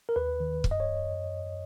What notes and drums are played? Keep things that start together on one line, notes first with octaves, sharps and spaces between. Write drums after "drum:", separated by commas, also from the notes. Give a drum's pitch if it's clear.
A#4
D#2 B4
D#3
F#2, drum: kick
D#5
C#5